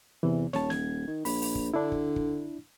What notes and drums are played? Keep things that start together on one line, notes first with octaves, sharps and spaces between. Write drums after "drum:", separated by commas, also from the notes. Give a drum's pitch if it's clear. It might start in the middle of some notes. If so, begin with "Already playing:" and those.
E2 C3 E3
D#1 C#5 A5, drum: snare
G#6, drum: snare
D#3
A#1 B5, drum: open hi-hat
drum: open hi-hat
drum: kick
D3 D4 E4
drum: kick
drum: kick